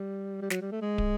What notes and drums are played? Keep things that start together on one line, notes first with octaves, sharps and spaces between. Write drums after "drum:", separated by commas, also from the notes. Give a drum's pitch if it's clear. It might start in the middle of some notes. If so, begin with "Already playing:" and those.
Already playing: G3
G3
F#3, drum: snare
G3
A3
G#3
drum: kick